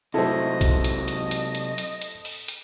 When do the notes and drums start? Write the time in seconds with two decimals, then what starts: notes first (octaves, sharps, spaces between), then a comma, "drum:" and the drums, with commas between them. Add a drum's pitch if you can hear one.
0.14 C3 F#3 A3 E4 A4 C5 D#5
0.61 drum: kick B1, hi-hat
0.84 drum: hi-hat
1.08 drum: hi-hat
1.31 drum: hi-hat
1.55 drum: hi-hat
1.78 drum: hi-hat
2.01 drum: hi-hat
2.25 drum: open hi-hat
2.48 drum: hi-hat